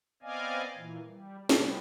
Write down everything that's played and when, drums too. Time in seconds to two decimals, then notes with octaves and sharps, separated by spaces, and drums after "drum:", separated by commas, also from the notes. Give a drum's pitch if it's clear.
0.22 B3 C4 D5 D#5 F5 G#5
0.76 A#2 E3
1.05 G3
1.49 C3 G3 G#3 B3, drum: snare